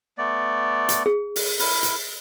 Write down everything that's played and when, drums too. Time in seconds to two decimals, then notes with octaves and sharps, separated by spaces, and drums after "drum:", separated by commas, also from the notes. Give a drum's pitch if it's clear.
0.18 A3 B3 D5
0.89 drum: hi-hat
1.06 G#4
1.36 drum: open hi-hat
1.59 E4 A#4, drum: open hi-hat
1.83 drum: hi-hat